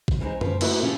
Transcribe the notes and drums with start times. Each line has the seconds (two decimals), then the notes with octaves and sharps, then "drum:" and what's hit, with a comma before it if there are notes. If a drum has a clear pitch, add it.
0.08 drum: kick A#1
0.20 E3 G3 G#3 C4 D#4
0.41 C#3 F3 B4, drum: tom F#2
0.61 A3 D#4 E4 F#4 A#4 B4, drum: cymbal
0.83 C#3 F3 C#4 F4 G4